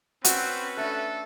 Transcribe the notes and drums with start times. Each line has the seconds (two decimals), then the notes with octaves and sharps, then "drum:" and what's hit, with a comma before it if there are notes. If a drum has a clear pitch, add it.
0.24 C4 C#4 F#4 B4 E6, drum: hi-hat
0.77 A3 D4 A4